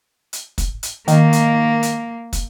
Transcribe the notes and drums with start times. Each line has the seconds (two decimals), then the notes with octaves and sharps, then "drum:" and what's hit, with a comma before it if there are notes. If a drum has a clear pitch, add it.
0.33 drum: hi-hat
0.58 drum: kick, hi-hat
0.83 drum: hi-hat
1.08 D#3 A#3, drum: hi-hat
1.33 drum: hi-hat
1.83 drum: hi-hat
2.33 drum: kick, hi-hat